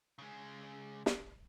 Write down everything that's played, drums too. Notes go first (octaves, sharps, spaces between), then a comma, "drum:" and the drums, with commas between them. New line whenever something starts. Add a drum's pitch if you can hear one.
C#3 G#3
drum: snare